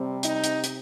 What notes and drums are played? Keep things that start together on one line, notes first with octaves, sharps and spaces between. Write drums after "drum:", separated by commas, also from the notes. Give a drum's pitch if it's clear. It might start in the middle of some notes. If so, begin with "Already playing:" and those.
Already playing: C3 G3 C4
D#4, drum: hi-hat
drum: hi-hat
drum: hi-hat